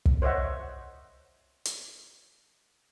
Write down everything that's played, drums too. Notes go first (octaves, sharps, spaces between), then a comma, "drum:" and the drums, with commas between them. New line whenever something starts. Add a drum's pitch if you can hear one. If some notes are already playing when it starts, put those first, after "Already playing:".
drum: kick
C5 C#5 D#5 E5 F#5
drum: hi-hat